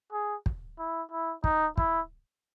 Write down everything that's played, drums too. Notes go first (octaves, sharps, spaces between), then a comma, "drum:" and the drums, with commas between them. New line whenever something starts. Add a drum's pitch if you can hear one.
G#4
drum: kick
E4
E4
D#4, drum: kick
E4, drum: kick